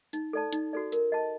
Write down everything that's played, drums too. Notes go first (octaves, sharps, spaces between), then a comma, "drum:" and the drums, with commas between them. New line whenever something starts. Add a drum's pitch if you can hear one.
D#4, drum: hi-hat
A4 D5 A5
D#4, drum: hi-hat
F#4 A4 D5
A#4, drum: hi-hat
D#5 A5